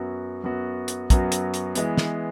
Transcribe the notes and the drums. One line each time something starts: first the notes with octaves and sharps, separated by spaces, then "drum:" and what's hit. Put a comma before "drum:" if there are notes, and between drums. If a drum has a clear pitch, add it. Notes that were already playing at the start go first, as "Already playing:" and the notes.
Already playing: F#2 F#3 B3 F#4
F#2 F#3 B3 F#4
drum: hi-hat
F#2 F#3 B3 F#4, drum: kick, hi-hat
drum: hi-hat
drum: hi-hat
E3 G#3 B3, drum: hi-hat
drum: snare